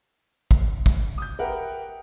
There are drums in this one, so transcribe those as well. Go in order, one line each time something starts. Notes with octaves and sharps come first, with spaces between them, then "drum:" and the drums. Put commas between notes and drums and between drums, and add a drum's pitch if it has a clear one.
drum: kick
drum: kick
D#6 G6
G4 A#4 B4 E5 F#5 G5